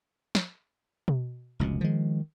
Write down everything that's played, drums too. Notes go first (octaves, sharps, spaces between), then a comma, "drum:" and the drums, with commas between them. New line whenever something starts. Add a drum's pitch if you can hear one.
drum: snare
drum: tom B2
F1 C#2 B2
D#3 F3 G#3